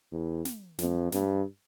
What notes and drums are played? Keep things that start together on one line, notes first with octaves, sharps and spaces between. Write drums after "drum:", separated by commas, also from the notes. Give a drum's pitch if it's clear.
E2
drum: snare
F2, drum: snare
G2, drum: snare